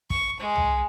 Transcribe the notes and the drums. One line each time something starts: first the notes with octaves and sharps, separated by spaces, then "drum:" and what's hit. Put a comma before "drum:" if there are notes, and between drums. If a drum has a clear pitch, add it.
C#6, drum: kick
G#3
drum: tom C2